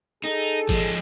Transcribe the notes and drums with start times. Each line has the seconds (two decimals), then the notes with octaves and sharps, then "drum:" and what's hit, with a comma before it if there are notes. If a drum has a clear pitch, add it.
0.24 D#4 G#4 A4
0.69 F3 G#3, drum: kick, hi-hat